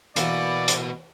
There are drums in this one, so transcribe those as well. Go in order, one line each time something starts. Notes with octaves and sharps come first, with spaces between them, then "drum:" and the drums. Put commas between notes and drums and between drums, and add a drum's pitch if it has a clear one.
E3 A#3 B3 F#4 D5, drum: hi-hat
drum: hi-hat